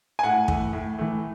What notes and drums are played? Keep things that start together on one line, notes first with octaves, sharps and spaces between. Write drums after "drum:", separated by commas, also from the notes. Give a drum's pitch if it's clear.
G#5
A2 F#5
E3 A3, drum: kick
A2
E3 A3